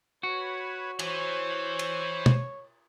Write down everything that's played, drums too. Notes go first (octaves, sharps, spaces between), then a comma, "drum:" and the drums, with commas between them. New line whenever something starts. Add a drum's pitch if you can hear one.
F#4 B4 C#5
E3 C5 C#5, drum: cymbal
drum: cymbal
drum: tom